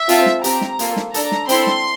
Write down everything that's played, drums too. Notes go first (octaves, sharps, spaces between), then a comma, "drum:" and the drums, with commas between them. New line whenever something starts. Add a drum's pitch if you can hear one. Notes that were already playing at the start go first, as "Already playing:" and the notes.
Already playing: E5
C4 F4 A4, drum: hi-hat
drum: snare
C4 G4 A#5, drum: hi-hat
drum: snare
A#3 F4 A4, drum: hi-hat
drum: snare
D4 A4 A#5, drum: hi-hat
drum: snare
C4 E4 A4 C6, drum: hi-hat
drum: snare